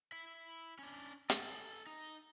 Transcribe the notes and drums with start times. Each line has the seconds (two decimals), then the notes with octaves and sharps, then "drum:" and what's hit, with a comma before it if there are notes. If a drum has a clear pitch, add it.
0.12 E4 E5
0.79 C#4 D4
1.30 A4 G#5, drum: hi-hat
1.87 D#4